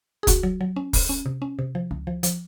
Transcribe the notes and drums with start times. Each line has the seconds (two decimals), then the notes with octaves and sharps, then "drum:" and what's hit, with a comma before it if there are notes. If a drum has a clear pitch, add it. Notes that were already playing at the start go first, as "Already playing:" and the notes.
0.23 G#4
0.27 C#2 F#4, drum: kick, hi-hat
0.43 F#3
0.61 F#3
0.76 C#4
0.93 C#2, drum: kick, open hi-hat
1.09 C#4
1.26 C3
1.42 C#4
1.59 C3
1.75 F3
1.91 C#2
2.07 F3
2.23 F3, drum: hi-hat